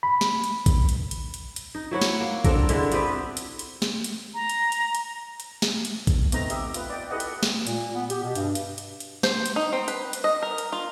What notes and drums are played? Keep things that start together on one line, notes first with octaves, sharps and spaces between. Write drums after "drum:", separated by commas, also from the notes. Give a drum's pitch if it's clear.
B5
drum: snare
drum: hi-hat
drum: kick A#1, hi-hat
drum: hi-hat
drum: hi-hat
drum: hi-hat
drum: hi-hat
D#4
F#3 E4 C#5 F#5
drum: snare
A#3
C4 D4 A4 A#4, drum: kick A#1, hi-hat
D3 G#3 E4 E5, drum: hi-hat
B3 C4 G4 B4, drum: hi-hat
drum: hi-hat
drum: hi-hat
drum: snare
drum: hi-hat
A#5
drum: hi-hat
drum: hi-hat
drum: hi-hat
drum: hi-hat
drum: snare
drum: hi-hat
drum: kick A#1, hi-hat
A3 B3 C4 D#4 A#5, drum: hi-hat
G4 D#5 E5, drum: hi-hat
F4 B4, drum: hi-hat
D5 D#5 G5
E4 G4 A4 B4 D#5 F#5
drum: hi-hat
drum: snare
A#2, drum: hi-hat
B3
G4, drum: hi-hat
B2
G2, drum: hi-hat
drum: hi-hat
drum: hi-hat
drum: hi-hat
C5, drum: snare
drum: hi-hat
D#4
C4
B4, drum: hi-hat
drum: hi-hat
D#5
A#4
drum: hi-hat
F4